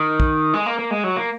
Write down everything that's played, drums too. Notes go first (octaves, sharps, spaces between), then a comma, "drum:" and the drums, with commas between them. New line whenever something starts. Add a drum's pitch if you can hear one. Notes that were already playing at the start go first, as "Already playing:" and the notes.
Already playing: D#3
drum: kick
G#3
A#3
A#3
G#3
F#3
A#3